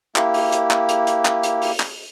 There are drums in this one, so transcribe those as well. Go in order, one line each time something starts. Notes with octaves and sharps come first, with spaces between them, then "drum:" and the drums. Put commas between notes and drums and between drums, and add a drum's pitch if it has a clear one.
A#3 E4 G4, drum: clap
drum: open hi-hat
drum: hi-hat
drum: clap
drum: hi-hat
drum: hi-hat
drum: clap
drum: hi-hat
drum: open hi-hat
drum: clap